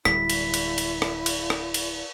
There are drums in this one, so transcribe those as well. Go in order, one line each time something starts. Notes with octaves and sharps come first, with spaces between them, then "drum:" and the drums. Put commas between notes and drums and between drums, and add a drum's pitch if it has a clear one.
D1 G3 E4 B6, drum: rim click
drum: cymbal
drum: cymbal
drum: cymbal
drum: rim click
drum: cymbal
drum: rim click
drum: cymbal